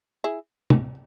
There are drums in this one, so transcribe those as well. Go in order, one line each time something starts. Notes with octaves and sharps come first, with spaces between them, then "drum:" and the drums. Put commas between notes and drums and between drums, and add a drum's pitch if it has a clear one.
E4 G#4
drum: tom